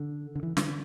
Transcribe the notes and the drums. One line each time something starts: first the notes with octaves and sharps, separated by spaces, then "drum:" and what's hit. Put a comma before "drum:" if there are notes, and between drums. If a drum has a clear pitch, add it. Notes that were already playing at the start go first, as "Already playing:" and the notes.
Already playing: D3
D3
E3
D3, drum: snare